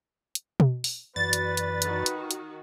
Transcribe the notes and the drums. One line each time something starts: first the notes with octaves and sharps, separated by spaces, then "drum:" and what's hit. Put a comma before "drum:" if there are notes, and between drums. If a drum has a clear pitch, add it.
drum: hi-hat
drum: tom B2
drum: open hi-hat
F#2 E3 F#4 B4 D5 A6
drum: hi-hat
drum: hi-hat
D#3 F#4, drum: hi-hat
drum: hi-hat
drum: hi-hat